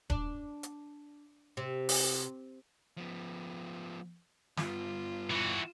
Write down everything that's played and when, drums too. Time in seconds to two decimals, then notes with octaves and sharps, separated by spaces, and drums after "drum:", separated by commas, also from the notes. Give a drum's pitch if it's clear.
0.10 D4, drum: kick D#1
0.63 drum: hi-hat
1.57 C3
1.89 drum: open hi-hat
2.97 F3 B3
4.57 G2 B3 F4, drum: snare
5.31 E3 F#4